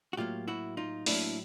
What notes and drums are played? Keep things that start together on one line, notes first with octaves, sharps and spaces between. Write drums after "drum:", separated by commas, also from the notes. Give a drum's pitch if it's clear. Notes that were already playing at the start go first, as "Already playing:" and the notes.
F#4
A2 F#3 A#3 F4 G4
E4 F#4
D#4 F4
A2 F#3 A#3 D4 E4, drum: open hi-hat